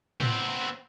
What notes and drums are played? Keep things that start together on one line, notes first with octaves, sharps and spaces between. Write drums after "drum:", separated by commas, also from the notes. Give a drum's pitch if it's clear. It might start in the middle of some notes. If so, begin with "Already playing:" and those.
B3 C4, drum: tom A2